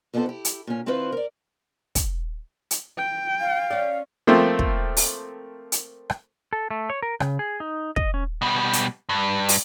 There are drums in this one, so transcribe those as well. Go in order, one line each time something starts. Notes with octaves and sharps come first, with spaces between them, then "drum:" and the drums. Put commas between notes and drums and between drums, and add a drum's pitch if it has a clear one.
F2 F3 B3 D4 A4 C5
E4 G4
drum: hi-hat
A#2 C#4
D#3 C4 E4 F4 B4 C5
A#4 D5
drum: kick, hi-hat
drum: hi-hat
G5
F5
C#4 D5
F3 A3 A#3 C4
drum: kick
drum: open hi-hat
drum: hi-hat
drum: rim click
A4
A3
C#5
A#4
C#3, drum: rim click
G#4
D#4
D#5, drum: kick
C#4
B2 G3
drum: hi-hat
G2
drum: open hi-hat